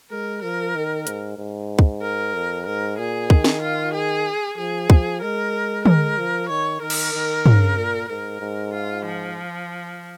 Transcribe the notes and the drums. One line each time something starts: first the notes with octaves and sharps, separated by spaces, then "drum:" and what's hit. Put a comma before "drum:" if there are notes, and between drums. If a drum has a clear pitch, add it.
G#3 A#4
F3 A#4
D#3
G#2, drum: hi-hat
G#2
drum: kick
A#4
F2
G#2 A#4
A#2 G#4
D#3, drum: kick
drum: snare
F4
G#4
F3 G#4
F3, drum: kick
G#3 A#4
A#4, drum: tom
F3
D#3 C#5
D#3 A#4
drum: cymbal
D#3
C#3, drum: tom
A#2
G#2 A#4
G#2
F4
F3